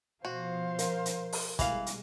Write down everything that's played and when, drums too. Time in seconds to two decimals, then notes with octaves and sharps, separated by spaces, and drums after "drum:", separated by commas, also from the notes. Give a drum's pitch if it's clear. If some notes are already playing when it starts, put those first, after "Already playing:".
0.25 B2 F3 F#4 C5 F5
0.79 A#4, drum: hi-hat
1.06 drum: hi-hat
1.33 drum: open hi-hat
1.59 B2 E3 G3 G#3 F5, drum: kick, hi-hat
1.86 drum: hi-hat